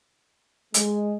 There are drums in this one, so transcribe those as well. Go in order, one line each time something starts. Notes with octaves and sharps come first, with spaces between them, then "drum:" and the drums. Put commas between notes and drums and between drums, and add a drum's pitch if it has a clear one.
G#3, drum: hi-hat